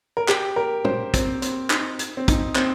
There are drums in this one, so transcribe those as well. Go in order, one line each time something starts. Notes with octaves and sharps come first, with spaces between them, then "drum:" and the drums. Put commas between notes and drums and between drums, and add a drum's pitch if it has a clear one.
A#4
G4, drum: clap
A#4
C5, drum: tom
C4, drum: kick, hi-hat
C4, drum: hi-hat
D#4, drum: clap
drum: hi-hat
C4
D#4, drum: kick, hi-hat
C4, drum: clap